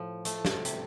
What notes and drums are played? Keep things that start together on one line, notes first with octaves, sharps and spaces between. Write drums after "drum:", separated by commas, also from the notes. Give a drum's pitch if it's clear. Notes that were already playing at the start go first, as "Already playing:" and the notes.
Already playing: A2 F3
A3, drum: hi-hat
drum: snare
C3, drum: hi-hat